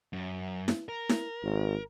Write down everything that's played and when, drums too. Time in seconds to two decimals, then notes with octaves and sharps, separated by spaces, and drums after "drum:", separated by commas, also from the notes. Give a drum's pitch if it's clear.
0.13 F#2
0.68 drum: snare E4
0.89 A#4
1.09 drum: snare E4
1.42 G#1